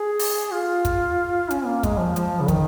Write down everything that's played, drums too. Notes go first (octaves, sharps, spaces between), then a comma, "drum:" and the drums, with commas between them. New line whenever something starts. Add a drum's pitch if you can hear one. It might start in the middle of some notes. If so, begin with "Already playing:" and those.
Already playing: G#4
drum: open hi-hat
F4
drum: kick, hi-hat
C#4, drum: hi-hat
A#3
G#3, drum: kick, hi-hat
F3
F3, drum: hi-hat
C#3
D#3, drum: kick, hi-hat